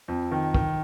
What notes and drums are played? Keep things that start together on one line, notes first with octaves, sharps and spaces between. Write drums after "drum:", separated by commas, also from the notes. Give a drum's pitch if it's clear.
F2
D#3
D#3, drum: kick